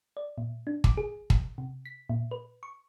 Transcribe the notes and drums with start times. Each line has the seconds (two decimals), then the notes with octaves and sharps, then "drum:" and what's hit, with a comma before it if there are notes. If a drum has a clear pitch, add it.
0.17 D5
0.38 A#2
0.67 D4
0.84 D6, drum: kick
0.97 G#4
1.30 drum: kick
1.58 C3
1.85 B6
2.10 A#2
2.31 B4
2.63 C#6